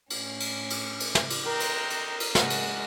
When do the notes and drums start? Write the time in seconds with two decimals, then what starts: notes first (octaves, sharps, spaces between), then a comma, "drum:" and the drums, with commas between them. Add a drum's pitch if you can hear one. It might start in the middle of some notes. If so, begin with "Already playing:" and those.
0.10 A2 C#4, drum: cymbal
0.40 drum: cymbal
0.70 drum: cymbal
1.00 drum: cymbal
1.15 drum: snare
1.30 drum: cymbal
1.46 A#4 D#5 G5 A#5 C6 E6
1.60 drum: cymbal
1.90 drum: cymbal
2.20 drum: cymbal
2.35 G#3 C#4 F#4, drum: snare
2.50 drum: cymbal